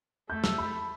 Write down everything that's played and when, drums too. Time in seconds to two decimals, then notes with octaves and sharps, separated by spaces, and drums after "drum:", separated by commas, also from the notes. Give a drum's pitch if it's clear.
0.29 A3 G6
0.44 E6, drum: snare
0.58 B5